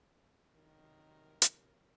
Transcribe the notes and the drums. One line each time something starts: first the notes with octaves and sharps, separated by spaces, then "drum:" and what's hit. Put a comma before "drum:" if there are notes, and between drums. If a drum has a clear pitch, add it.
C3 D#3 F#3 A#4
drum: hi-hat